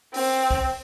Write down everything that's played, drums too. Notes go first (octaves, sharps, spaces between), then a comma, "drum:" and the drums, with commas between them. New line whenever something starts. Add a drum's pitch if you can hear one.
C4, drum: open hi-hat
drum: kick